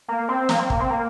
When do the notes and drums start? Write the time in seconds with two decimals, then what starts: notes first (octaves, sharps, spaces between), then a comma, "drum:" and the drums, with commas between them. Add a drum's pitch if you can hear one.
0.08 A#3
0.29 C4
0.49 A#3, drum: snare
0.59 C4
0.70 A#3, drum: kick
0.80 C4
0.90 A#3